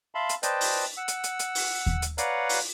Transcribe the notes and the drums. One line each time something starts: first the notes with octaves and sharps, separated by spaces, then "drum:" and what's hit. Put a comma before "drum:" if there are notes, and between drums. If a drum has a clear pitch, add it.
E5 F5 A5 B5 C6
drum: hi-hat
B4 C5 D5 D#5 G5 A5, drum: hi-hat
drum: open hi-hat
F#5 E6
drum: hi-hat
drum: hi-hat
drum: hi-hat
drum: open hi-hat
drum: kick D#2
drum: hi-hat
B4 C#5 D5 F5 F#5 A#5, drum: hi-hat
drum: open hi-hat